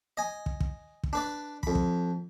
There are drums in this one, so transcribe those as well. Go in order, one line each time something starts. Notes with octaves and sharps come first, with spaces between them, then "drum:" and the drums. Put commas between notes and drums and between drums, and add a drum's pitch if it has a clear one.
D#5 G#5
drum: kick
drum: kick
drum: kick
D4 B4 D5
F2 B5, drum: kick
drum: kick